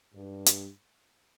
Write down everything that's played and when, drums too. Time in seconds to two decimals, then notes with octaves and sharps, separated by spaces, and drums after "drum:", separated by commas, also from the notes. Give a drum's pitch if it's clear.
0.14 G2
0.46 drum: hi-hat